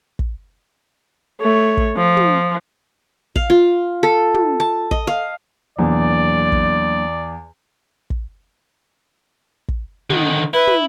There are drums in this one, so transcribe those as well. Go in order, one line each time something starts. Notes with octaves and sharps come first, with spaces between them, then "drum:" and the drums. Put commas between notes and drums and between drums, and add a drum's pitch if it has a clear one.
drum: kick
A3 C#5
drum: kick
F3
drum: tom
F5, drum: kick
F4
A4
drum: tom
A5
D#5, drum: kick
F5
E2 F#3 A#3 D4 D5
drum: kick
drum: kick
drum: kick
D3 D#3, drum: tom
E4 B4
drum: tom